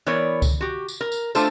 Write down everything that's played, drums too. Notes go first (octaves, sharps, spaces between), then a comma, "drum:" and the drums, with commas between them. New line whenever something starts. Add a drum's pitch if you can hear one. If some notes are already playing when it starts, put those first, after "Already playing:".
E3 B3 A#4 C#5 D5
drum: kick C#2, tambourine
F#4 G4
drum: tambourine
A#4
drum: tambourine
A3 D4 F4 A4 C5, drum: tambourine